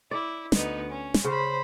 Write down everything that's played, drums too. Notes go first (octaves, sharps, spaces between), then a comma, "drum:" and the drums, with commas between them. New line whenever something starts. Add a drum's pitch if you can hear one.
E4 D5
D2 B3 D#4, drum: snare
C#4
drum: snare
C#3 C5 B5